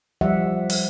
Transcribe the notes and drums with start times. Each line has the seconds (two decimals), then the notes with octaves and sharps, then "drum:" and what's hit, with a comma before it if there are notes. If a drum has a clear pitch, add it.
0.21 F3 G3 E5 F#5
0.70 drum: open hi-hat